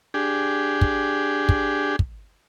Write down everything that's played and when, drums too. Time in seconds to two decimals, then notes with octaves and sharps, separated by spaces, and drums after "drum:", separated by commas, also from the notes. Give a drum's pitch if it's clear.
0.14 D4 G4 G#4
0.81 drum: kick
1.49 drum: kick
1.99 drum: kick